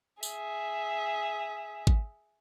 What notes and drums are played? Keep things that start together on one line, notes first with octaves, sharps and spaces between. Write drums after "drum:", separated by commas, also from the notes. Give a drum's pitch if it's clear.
G#4 E5, drum: tambourine
drum: kick G#1